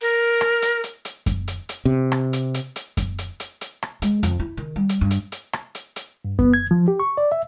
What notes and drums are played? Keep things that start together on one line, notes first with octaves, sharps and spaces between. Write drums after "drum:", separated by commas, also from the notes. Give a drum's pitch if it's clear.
A#4
drum: rim click
drum: hi-hat
drum: hi-hat
drum: hi-hat
drum: kick F#2, hi-hat
drum: hi-hat
drum: hi-hat
C3
drum: rim click
drum: hi-hat
drum: hi-hat
drum: hi-hat
drum: kick F#2, hi-hat
drum: hi-hat
drum: hi-hat
drum: hi-hat
drum: rim click
G#3, drum: hi-hat
F2, drum: hi-hat
E4
D#3
G3
drum: hi-hat
G2
drum: hi-hat
drum: hi-hat
drum: rim click
drum: hi-hat
drum: hi-hat
G2
B3, drum: kick F#2
G#6
F3
G4
C#6
D5
E5